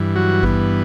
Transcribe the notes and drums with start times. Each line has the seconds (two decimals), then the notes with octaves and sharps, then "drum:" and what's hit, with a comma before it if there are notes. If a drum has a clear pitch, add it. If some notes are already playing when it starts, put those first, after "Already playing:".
Already playing: G2 E3
0.16 F#3 F#4
0.43 B3, drum: kick G#1